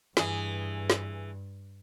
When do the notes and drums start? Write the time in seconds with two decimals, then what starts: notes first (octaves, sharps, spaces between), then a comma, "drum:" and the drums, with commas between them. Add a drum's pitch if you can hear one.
0.17 G2 E3 G#4, drum: snare
0.90 drum: snare